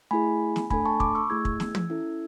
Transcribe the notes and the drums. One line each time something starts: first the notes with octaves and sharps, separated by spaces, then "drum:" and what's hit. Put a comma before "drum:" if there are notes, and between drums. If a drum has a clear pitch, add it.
A3 E4 G#4 G#5 B5
drum: snare
A3 D4 A4 G#5 B5, drum: kick
A5 C#6
B5 D6, drum: kick
C#6 E6
A3 E4 G#4 E6 G#6
drum: kick
drum: snare
drum: tom
C#4 E4 A4